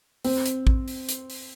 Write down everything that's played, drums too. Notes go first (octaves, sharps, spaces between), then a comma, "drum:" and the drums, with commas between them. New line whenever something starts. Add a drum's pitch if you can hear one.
C4, drum: open hi-hat
drum: hi-hat
drum: kick A1
drum: open hi-hat
drum: hi-hat
drum: open hi-hat